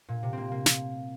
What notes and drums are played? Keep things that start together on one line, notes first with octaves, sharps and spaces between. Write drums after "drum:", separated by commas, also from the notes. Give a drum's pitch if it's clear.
A#2
C3
A#3 C4
A#3
drum: snare